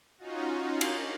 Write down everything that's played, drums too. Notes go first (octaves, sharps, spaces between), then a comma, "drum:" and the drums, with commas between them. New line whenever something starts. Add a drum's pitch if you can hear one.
C#4 D#4 F4 F#4
drum: cymbal